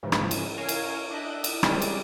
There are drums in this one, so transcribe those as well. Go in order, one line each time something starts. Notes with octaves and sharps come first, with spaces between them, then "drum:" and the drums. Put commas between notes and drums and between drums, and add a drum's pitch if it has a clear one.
G#2 C#3 E3 F3
drum: rim click
drum: cymbal
C#4 A#4 C#5 F5 G#5
drum: cymbal
D4 D#5 E5 F#6 G6
drum: cymbal
G3 G#3 C4 C#4 A#4 D5, drum: rim click
drum: cymbal